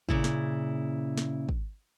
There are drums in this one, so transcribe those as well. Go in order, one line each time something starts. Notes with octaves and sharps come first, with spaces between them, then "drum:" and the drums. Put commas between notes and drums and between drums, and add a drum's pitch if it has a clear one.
A#2 C#3 E4, drum: kick
drum: snare
drum: snare
drum: kick